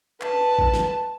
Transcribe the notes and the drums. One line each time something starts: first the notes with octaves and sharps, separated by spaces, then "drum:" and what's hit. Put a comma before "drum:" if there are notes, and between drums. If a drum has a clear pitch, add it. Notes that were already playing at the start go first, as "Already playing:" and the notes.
B4 A5, drum: clap
drum: kick
drum: snare